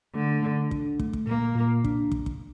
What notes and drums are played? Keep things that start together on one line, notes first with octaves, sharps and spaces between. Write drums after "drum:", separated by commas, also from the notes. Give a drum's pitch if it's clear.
D3 A3
A3
D4, drum: kick
A3, drum: kick
drum: kick
A#2 A#3
A#2
D4, drum: kick
A#1, drum: kick
drum: kick